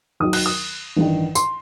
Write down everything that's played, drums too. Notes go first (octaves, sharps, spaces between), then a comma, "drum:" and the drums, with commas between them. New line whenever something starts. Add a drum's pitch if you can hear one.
D#2 D#3 F#3 D#6
F#6, drum: cymbal
D#6
A1 G2 D#3
C6, drum: tambourine